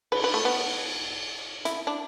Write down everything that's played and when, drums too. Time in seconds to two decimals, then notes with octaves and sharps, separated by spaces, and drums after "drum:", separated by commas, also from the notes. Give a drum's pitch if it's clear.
0.12 B4, drum: cymbal
0.24 B4
0.34 A3
0.45 B3
1.65 E4, drum: hi-hat
1.87 D4